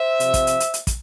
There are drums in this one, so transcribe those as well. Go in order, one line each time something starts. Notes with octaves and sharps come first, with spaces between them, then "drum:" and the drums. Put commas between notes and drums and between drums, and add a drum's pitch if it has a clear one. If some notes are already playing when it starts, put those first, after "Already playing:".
Already playing: C5 E5
C3 F3 C4, drum: hi-hat
drum: kick, hi-hat
drum: hi-hat
drum: hi-hat
drum: hi-hat
drum: kick, hi-hat